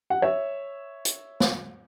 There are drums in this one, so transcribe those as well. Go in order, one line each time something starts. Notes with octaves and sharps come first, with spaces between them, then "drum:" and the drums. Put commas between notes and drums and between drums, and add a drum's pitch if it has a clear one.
F#5
C#5 E5
drum: hi-hat
drum: snare